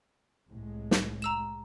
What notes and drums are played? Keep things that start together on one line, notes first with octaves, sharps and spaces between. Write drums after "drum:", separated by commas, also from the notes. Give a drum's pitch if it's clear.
C2 A2 G#3
drum: snare
A#5 E6 E7